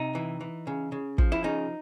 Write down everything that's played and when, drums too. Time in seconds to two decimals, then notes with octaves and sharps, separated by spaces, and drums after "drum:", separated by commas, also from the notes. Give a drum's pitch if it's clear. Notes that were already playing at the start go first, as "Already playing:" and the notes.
Already playing: C3 D#4
0.15 E3
0.41 E3
0.67 C#3
0.92 C#3
1.18 F3, drum: kick
1.32 E4
1.44 C#3 D#4